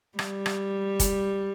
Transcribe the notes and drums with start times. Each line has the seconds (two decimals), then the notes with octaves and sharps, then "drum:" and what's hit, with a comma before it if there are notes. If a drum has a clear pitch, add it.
0.19 G3, drum: rim click
0.46 drum: rim click
1.00 drum: kick, hi-hat